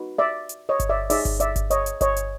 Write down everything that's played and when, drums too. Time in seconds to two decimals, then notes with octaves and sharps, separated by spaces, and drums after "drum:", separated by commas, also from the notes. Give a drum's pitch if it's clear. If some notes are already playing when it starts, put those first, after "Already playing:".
Already playing: D#4 F#4 B4
0.18 D5 E5
0.49 drum: hi-hat
0.69 C#5 D#5
0.80 drum: kick G1, hi-hat
0.89 D5 E5
1.10 D#4 G#4 C#5 D5 E5, drum: open hi-hat
1.25 drum: kick G1, hi-hat
1.40 D5 E5, drum: hi-hat
1.56 drum: kick G1, hi-hat
1.70 C#5 D#5, drum: hi-hat
1.86 drum: hi-hat
2.01 C#5 D#5, drum: kick G1, hi-hat
2.16 drum: hi-hat